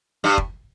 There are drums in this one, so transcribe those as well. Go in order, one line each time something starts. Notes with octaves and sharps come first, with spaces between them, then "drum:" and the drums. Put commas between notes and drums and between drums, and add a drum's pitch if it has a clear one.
G2 G3
drum: kick